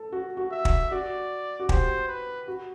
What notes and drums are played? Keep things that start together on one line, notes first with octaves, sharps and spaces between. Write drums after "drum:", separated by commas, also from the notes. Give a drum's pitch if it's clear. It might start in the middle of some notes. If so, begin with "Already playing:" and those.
Already playing: A4
F#4
F#4
E5
drum: kick
F#4 D5
F#4
G4 C5, drum: kick
B4
F#4